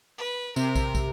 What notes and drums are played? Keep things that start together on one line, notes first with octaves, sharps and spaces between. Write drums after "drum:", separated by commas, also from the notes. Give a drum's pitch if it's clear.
B4
C3 A#4, drum: tambourine
drum: kick, tambourine
drum: kick, tambourine